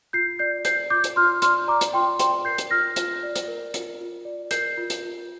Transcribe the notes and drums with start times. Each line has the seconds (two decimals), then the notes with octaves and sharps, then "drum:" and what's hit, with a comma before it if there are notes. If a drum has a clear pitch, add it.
0.13 F4 G6 C7
0.39 D5 G6 C7
0.65 D5 G6 C7, drum: hi-hat
0.90 F4 D6 G6
1.04 drum: hi-hat
1.16 F4 C6 F6
1.42 D5 C6 F6, drum: hi-hat
1.68 D5 A#5 D6
1.81 drum: hi-hat
1.93 F4 G5 C6
2.19 D5 G5 C6, drum: hi-hat
2.45 A#4 G6 C7
2.58 drum: hi-hat
2.71 F4 F6 A#6
2.96 F4, drum: hi-hat
3.23 D5
3.36 drum: hi-hat
3.48 A#4
3.74 F4, drum: hi-hat
4.00 F4
4.25 D5
4.51 A#4 G6 C7, drum: hi-hat
4.77 F4
4.90 drum: hi-hat
5.02 F4